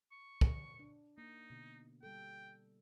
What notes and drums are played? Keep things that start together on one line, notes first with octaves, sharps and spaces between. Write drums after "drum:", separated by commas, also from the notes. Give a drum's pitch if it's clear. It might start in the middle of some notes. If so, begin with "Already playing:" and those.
C#6
drum: kick
D4
A#3 D#4
B2 D3
G3 A4 G5